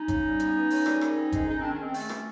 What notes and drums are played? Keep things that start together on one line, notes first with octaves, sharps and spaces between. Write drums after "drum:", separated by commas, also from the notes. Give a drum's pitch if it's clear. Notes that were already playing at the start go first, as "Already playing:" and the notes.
Already playing: C#4 D#4
C#3, drum: kick G1, hi-hat
G3
B3, drum: hi-hat
E3
C#3, drum: open hi-hat
G3, drum: rim click
D#3, drum: rim click
C4
G#3, drum: kick G1, hi-hat
G#3 C#4 D#4
D#3 C4 D4
C#4
G#3 C4
A3 C#4, drum: open hi-hat
A3, drum: rim click